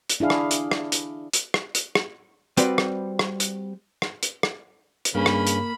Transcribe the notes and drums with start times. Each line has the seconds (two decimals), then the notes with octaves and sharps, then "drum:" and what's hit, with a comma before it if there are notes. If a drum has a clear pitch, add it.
0.10 drum: hi-hat
0.20 D4 E4 G#4 F5
0.30 drum: rim click
0.51 drum: hi-hat
0.71 drum: rim click
0.92 drum: hi-hat
1.33 drum: hi-hat
1.54 drum: rim click
1.75 drum: hi-hat
1.95 drum: rim click
2.57 G3 C4 F#4 B4 D5, drum: hi-hat
2.78 drum: rim click
3.19 drum: rim click
3.40 drum: hi-hat
4.02 drum: rim click
4.23 drum: hi-hat
4.43 drum: rim click
5.05 drum: hi-hat
5.15 G2 C#3 A#3 B5
5.26 drum: rim click
5.47 drum: hi-hat